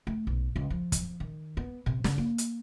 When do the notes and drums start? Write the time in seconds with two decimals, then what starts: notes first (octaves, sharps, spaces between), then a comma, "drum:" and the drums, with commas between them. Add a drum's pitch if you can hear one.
0.07 A3
0.27 B1
0.56 C#2
0.70 F3
0.92 drum: kick, hi-hat
1.20 D#3
1.57 B3
1.86 C3
2.04 C#3, drum: snare
2.18 A#3
2.38 drum: hi-hat